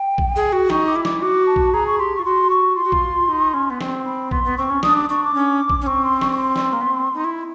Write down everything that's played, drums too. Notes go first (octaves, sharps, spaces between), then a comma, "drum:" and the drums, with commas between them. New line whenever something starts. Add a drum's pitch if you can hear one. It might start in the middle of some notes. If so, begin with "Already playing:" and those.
Already playing: G5
drum: kick A#1
G#4
F#4
D#4 C#6, drum: snare
D6
E4
D6, drum: snare
F#4 D6
A5
drum: kick A#1
G#4 A#5
C#6
G4 C6
F4 C#6
F#4 C6
C#6
F4 C6
F#4
F4, drum: kick A#1
D#4
C#4
B3
C4, drum: snare
B5
B3 C6, drum: kick A#1
B3
C4 C#6
C#4
D4 D#6, drum: snare
D6
D4 C#6
D6
C#4
drum: kick A#1
C#4
C4 C#6
C6
C#6, drum: snare
C#6
C6
drum: snare
A#3
B3
C4
D#4
E4